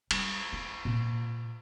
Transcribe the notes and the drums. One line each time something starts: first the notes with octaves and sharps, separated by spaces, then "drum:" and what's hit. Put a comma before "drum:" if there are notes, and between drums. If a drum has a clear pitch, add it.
G3, drum: cymbal
E4
A#2